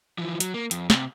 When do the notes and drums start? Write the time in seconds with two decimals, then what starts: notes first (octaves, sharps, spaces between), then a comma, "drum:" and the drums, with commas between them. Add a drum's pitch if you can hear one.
0.18 E3 F3
0.40 F#3, drum: hi-hat
0.54 A#3
0.71 F2, drum: hi-hat
0.90 C3, drum: snare